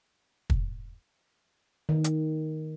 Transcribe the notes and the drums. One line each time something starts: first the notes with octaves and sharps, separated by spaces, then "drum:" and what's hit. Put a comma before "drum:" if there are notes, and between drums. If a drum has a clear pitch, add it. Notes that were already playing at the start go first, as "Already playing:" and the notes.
drum: kick
D#3
drum: hi-hat